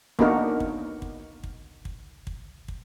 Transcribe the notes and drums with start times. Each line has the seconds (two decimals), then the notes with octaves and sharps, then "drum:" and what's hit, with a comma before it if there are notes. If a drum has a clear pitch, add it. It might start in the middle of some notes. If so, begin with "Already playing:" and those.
0.19 A#3 B3 D4 D#4 F#4 A#4, drum: kick
0.60 drum: kick
1.02 drum: kick
1.44 drum: kick
1.85 drum: kick
2.27 drum: kick
2.68 drum: kick